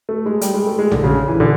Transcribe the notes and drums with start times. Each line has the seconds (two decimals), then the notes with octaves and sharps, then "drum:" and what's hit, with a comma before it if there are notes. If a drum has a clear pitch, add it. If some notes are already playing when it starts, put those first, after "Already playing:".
0.09 A3
0.26 G#3
0.41 G3, drum: hi-hat
0.54 G#3
0.66 A3
0.79 G#3
0.91 D3, drum: tom A#1
1.04 C#3
1.28 E3
1.40 D3